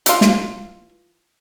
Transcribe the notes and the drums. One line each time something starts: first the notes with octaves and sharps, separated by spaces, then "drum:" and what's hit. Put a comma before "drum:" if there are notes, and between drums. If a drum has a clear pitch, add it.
E3 F4, drum: hi-hat
drum: snare